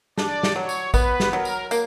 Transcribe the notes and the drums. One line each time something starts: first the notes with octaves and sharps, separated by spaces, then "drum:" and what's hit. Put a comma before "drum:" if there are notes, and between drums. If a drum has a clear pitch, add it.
D4 D5, drum: snare
drum: snare
F#3 C#5
drum: tambourine
B3 B4, drum: kick, tambourine
drum: snare
F#3 A#4
drum: tambourine
A#3, drum: tambourine